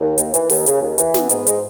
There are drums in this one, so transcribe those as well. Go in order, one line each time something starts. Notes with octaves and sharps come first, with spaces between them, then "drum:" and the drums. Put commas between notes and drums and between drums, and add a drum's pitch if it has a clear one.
D#2
D#2, drum: hi-hat
E3, drum: hi-hat
D#2, drum: open hi-hat
C#3, drum: hi-hat
D#2
E3, drum: hi-hat
B3, drum: snare
G#2, drum: hi-hat
G#3, drum: hi-hat